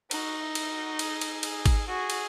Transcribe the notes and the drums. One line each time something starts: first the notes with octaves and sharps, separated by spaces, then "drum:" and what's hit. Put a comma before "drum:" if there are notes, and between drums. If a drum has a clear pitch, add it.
D#4 F#4, drum: cymbal
E4
drum: cymbal
F#4
G#4, drum: cymbal
drum: cymbal
G#4, drum: cymbal
drum: kick G#1, cymbal
F#4 G#4
drum: cymbal